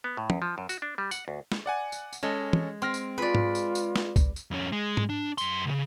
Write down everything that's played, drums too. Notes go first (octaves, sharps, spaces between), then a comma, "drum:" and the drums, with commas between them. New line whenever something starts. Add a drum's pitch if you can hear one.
B3
A2
E2, drum: tom
F3
F#2
F#4, drum: tambourine
D4
G3
F#5, drum: tambourine
D2
drum: snare
D5 F#5 G#5
drum: tambourine
drum: tambourine
G#3 C#4 A4 D#5
drum: tom
C4 C6 F6 A#6
drum: tambourine
G#3 F4 B4 D5
drum: tom G#2
drum: tambourine
drum: tambourine
drum: snare
drum: kick C#2, tambourine
drum: tambourine
F2 C#4
G#3
drum: tom G#2
D4
F#2 C6, drum: tambourine
C2 C#3